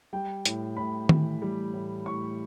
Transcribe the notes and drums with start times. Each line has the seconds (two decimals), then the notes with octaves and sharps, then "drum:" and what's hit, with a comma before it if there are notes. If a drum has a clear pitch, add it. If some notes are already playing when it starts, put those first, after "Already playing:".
0.13 G3 G5
0.45 A2, drum: hi-hat
0.77 A2 B5
1.09 E3, drum: tom D#3
1.42 G3
1.74 A2
2.06 A2 C#6